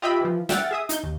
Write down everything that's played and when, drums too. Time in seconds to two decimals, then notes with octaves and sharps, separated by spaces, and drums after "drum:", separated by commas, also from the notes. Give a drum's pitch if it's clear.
0.02 F4 G4 D#5 E5 G5 B5
0.21 E3 F3
0.49 E5 F#5 G5 F6 A6, drum: snare
0.71 G#4 E5 D#6
0.89 D#4 G6, drum: hi-hat
1.03 D#2